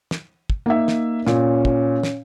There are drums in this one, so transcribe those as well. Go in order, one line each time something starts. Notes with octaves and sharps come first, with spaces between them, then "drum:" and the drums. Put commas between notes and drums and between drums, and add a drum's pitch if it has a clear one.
drum: snare
drum: kick
A#3 D#4 E5
drum: snare
A#2 C#4, drum: snare
drum: kick
drum: snare